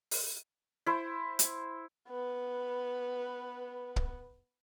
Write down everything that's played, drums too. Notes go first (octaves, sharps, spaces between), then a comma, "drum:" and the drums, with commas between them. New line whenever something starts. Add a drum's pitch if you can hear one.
drum: open hi-hat
E4 C5
drum: hi-hat
B3 B4
drum: kick